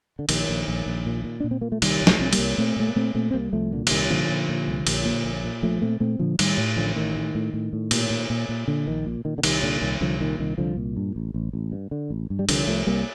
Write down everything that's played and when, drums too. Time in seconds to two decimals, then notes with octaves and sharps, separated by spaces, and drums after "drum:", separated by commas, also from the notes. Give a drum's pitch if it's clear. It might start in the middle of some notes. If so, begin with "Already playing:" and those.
0.19 D3
0.29 A#1 D#3, drum: cymbal
0.49 A#1
0.68 A#1
0.86 A#1
1.06 A#2
1.24 A#2
1.40 A#2 D4
1.51 C4
1.61 A#2 A#3
1.72 A3
1.82 C2 D#3 G3, drum: cymbal
2.01 C2
2.07 F3 A3, drum: snare
2.19 C2 C4
2.33 G3 A#3, drum: cymbal
2.38 C2
2.58 A#2 A3 C4
2.76 A#2 A3
2.88 A#3
2.96 A#2 A3 C4
3.15 A#2 A3 C4
3.31 C4
3.34 C2 G3 A#3
3.53 C2 F3 A3
3.72 A#2 D3
3.87 F3, drum: cymbal
3.91 C2 D#3
4.10 A#2 D3 F3
4.29 A#2
4.49 A#2
4.68 C2
4.87 A#1, drum: cymbal
5.05 A#2
5.25 A#1
5.44 A#2
5.63 A#1 F3 A3
5.82 A#2 A3 C4
6.00 A#2 A3 C4
6.19 A#2 D3 F3
6.39 A2 D#3 G3, drum: cymbal
6.58 A2
6.77 A1 D3 F3
6.96 A2 D#3
7.15 A2
7.35 A2
7.54 A2
7.73 A2
7.91 A#2, drum: cymbal
8.10 A#2
8.30 A#2
8.49 A#2
8.68 A#2 D3
8.87 A#1 D#3
9.06 A#2
9.25 A#2 D#3
9.38 D3
9.43 C2 D#3, drum: cymbal
9.63 A#2 D3
9.81 C2 D#3
10.01 C2 D3 F3
10.21 A#2 D#3
10.39 C2 D#3
10.58 C2 D3 F3
10.77 A#2
10.97 G2
11.16 A1
11.34 A1
11.53 A1
11.72 G2
11.91 D3
12.10 A1
12.30 G2
12.39 G3
12.49 C2 D3 F3, drum: cymbal
12.67 C2 F3 A3
12.87 C2 G3 A#3